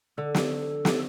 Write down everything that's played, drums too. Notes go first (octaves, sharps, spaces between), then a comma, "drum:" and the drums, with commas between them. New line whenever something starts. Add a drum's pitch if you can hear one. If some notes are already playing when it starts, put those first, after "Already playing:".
D3 A4
drum: snare
drum: snare